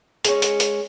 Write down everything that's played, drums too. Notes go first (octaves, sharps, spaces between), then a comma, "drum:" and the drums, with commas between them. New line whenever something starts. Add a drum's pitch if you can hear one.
G#3 C#4, drum: hi-hat
drum: hi-hat
drum: hi-hat